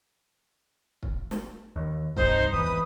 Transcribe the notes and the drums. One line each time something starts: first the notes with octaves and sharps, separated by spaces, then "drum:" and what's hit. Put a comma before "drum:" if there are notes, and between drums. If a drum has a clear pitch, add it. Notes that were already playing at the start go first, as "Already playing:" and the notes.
drum: kick
drum: snare
D#2
C2 G2 D#4 C5, drum: kick
G#1 E2 E3 B4 D#6